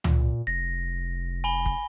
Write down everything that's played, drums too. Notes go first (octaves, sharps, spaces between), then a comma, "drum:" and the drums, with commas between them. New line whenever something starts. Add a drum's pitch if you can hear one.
A#2, drum: tom C#2
F1 A#6
G#5 B5 G7
drum: kick